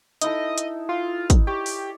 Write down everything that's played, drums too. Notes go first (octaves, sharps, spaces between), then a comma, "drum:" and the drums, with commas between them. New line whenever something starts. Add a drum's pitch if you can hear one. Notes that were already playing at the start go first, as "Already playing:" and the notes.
D#4 E4 A4 D#5, drum: hi-hat
drum: hi-hat
F4
drum: kick, hi-hat
G4 C#5 D5
drum: open hi-hat